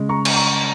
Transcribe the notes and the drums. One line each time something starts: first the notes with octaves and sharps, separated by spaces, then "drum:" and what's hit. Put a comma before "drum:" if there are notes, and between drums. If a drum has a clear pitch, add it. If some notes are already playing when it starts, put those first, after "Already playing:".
Already playing: C#3 G#3
A#5 C#6
drum: cymbal
A#5 C#6